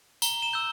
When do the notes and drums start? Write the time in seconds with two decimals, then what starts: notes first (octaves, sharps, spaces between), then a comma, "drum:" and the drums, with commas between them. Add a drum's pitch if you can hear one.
0.22 A#5 G7, drum: tambourine
0.42 E7
0.53 E6 G6